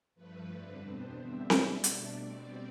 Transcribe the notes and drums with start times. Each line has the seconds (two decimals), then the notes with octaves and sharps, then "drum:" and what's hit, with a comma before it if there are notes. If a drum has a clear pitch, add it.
0.15 G2 F3 A3 B4
0.49 F2 D3 G3 C4
0.82 E2 B2 B3 D4 C5
1.16 D3 G3 C4 E5
1.50 B2 G3 D4, drum: snare C4
1.84 B2 A3 D4 D5, drum: hi-hat
2.17 B2 G3 C4 D5